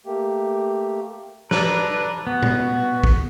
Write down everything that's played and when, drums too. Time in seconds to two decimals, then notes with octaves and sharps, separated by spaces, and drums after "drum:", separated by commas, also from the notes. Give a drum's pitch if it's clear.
0.06 A3 A#3 G4
1.51 D4 A4 B4 A#5, drum: snare
2.27 B3 F#4
2.43 drum: tom A#2
3.04 drum: kick